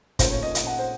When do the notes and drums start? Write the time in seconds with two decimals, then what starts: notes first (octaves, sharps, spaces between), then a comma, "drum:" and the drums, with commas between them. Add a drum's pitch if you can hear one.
0.19 A#2 A3 C#4 C5, drum: kick, hi-hat
0.31 C#5
0.43 D#5
0.55 drum: hi-hat
0.67 F#5
0.79 C5